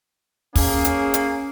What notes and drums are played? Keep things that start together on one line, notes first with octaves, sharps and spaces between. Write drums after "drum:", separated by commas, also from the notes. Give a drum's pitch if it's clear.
A#3 C#4 G#4, drum: kick, open hi-hat
drum: hi-hat
drum: hi-hat